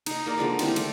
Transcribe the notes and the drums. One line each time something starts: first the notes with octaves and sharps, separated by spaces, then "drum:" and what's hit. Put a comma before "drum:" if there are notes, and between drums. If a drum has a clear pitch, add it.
D#4 D#5, drum: cymbal
A#3 A#4 D5
D3 F3 G#3 D5
D#3 G3 C4 E4, drum: cymbal
A3 D5, drum: cymbal